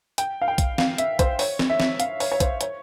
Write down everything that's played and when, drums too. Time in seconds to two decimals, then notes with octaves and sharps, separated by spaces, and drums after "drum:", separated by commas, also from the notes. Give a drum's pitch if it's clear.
0.18 G5, drum: hi-hat
0.42 F5
0.48 G5
0.58 drum: kick, hi-hat
0.78 F5, drum: snare
0.98 E5, drum: hi-hat
1.19 C5, drum: kick, hi-hat
1.39 C#5, drum: open hi-hat
1.59 drum: snare
1.70 E5
1.80 drum: snare
2.00 F5, drum: hi-hat
2.20 C#5, drum: open hi-hat
2.32 C#5
2.40 C5, drum: kick, hi-hat
2.61 C#5, drum: hi-hat